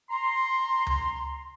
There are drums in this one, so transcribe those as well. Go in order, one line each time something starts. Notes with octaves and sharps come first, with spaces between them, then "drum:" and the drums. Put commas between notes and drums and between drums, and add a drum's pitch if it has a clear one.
A#5 C6
drum: tom C#2